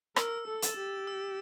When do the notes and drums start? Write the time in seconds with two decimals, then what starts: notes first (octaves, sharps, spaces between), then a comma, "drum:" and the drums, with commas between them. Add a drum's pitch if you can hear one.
0.16 A#4 E6, drum: rim click
0.47 A4
0.62 A6 E7, drum: hi-hat
0.78 G4
1.07 E6